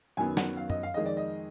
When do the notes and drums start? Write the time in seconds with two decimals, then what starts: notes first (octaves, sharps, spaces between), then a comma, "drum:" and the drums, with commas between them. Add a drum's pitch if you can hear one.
0.17 F#2 D#3 F#3 B3 G#5
0.37 F#5, drum: snare
0.57 F5
0.70 D#5, drum: tom F#2
0.83 F5
0.94 F2 D#3 G#3 D#5
1.06 D5
1.17 D#5